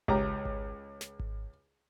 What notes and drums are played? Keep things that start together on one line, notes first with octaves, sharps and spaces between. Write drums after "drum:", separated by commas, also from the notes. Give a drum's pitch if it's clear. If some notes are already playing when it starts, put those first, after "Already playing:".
C#2 G4 A#5, drum: kick G#1
drum: kick G#1
drum: snare
drum: kick G#1